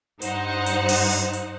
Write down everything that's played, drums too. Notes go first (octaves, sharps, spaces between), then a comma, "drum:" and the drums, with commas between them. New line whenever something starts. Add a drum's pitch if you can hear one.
G2 D#4 C5 F#5, drum: hi-hat
drum: hi-hat
drum: open hi-hat
drum: hi-hat
drum: hi-hat